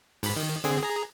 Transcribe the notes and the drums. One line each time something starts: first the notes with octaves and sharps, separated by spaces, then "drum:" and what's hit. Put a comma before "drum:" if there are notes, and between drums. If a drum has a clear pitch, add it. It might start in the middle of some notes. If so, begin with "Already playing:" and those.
G#2 B5, drum: open hi-hat
D#3
D3 C4 G#4, drum: hi-hat
G#4 A#5